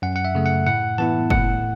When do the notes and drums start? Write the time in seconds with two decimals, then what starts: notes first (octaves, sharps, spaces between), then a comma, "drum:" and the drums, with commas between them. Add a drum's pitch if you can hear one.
0.02 F#2 F#5
0.16 F#5
0.25 E5
0.35 C#3 A3
0.46 F#5
0.66 A2 F#5
0.98 E3 B3 E4 A5
1.30 A2 F#5, drum: kick